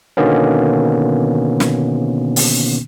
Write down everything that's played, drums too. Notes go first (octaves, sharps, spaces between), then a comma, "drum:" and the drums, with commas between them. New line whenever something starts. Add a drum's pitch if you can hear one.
B2 D3 D#3 A#3 B3 C#4
drum: snare
drum: open hi-hat